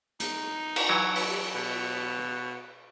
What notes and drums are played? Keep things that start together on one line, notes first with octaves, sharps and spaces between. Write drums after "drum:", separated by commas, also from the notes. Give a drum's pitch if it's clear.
D#4, drum: hi-hat
drum: cymbal
E3 F#3
drum: open hi-hat
B2